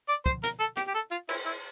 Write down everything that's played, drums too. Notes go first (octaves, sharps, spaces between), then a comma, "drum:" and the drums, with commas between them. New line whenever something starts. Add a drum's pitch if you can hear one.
D5
C5, drum: kick
A#4, drum: hi-hat
A4
G4, drum: hi-hat
G4
A4
F4
E4, drum: cymbal
E4